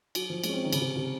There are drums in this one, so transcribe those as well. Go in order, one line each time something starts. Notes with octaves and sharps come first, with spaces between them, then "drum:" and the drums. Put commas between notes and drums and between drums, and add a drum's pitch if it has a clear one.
F#3, drum: cymbal
F3
G#3, drum: cymbal
C#4
C4
D#3
C#3, drum: cymbal
C3
C3